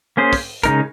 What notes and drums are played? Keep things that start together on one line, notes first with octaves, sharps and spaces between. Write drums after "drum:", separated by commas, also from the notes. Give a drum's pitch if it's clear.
A#3 C#4 G#4 C5
drum: kick, open hi-hat
C#3 G#3 D#4 A#4, drum: kick, hi-hat